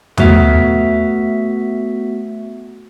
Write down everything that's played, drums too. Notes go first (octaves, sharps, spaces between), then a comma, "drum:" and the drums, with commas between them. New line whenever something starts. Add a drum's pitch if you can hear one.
A3 B3 F#4 E5, drum: tom